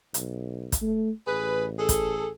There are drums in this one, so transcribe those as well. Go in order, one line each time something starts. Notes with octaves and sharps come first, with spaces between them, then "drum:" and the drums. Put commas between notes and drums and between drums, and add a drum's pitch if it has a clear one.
B1, drum: hi-hat
drum: kick, hi-hat
A3
A1 G#4 B4
G#4 A4
drum: kick, hi-hat